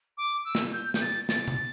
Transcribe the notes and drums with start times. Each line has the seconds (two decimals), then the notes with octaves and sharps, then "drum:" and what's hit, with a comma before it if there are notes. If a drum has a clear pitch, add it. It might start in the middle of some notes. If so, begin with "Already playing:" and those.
0.18 D6
0.45 E6
0.55 drum: snare
0.73 G6
0.94 G6, drum: snare
1.01 A6
1.29 A6, drum: snare
1.48 drum: tom C3